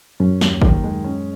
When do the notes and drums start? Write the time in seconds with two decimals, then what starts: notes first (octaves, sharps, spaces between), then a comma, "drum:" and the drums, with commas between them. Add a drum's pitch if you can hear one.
0.20 F#2 C#4
0.41 D#2, drum: snare
0.62 D#3, drum: kick
0.84 G#3
1.04 C#4